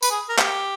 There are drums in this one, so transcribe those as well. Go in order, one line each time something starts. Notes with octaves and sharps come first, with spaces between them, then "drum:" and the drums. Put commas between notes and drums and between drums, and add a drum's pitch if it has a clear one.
B4, drum: tambourine
G#4
A#4
G4, drum: clap